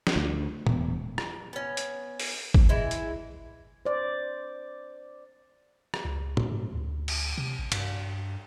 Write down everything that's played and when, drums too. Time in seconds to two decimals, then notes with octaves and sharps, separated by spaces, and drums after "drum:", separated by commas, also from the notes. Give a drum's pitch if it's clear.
0.07 drum: snare
0.16 D2
0.67 E1, drum: tom
1.18 drum: rim click
1.53 B3 C#4
1.77 drum: hi-hat
2.20 drum: open hi-hat
2.54 drum: kick
2.69 E3 G#3 E4
2.91 drum: hi-hat
3.85 C5 D5
5.94 drum: rim click
6.05 C#2
6.37 drum: tom
6.52 G#2
6.74 D2
7.08 drum: cymbal
7.38 C3
7.59 A#1
7.72 G2, drum: cymbal